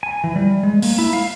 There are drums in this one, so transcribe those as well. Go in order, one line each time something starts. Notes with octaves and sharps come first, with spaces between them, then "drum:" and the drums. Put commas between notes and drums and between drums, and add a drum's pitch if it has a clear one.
G#5
E3
G3
G#3
A#3, drum: open hi-hat
E4
F5